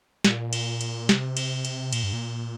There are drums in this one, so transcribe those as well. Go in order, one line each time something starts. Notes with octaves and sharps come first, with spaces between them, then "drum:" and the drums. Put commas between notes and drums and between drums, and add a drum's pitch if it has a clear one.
A#2, drum: snare
drum: cymbal
drum: cymbal
C3, drum: snare
drum: cymbal
drum: cymbal
A#2, drum: cymbal
G2
A#2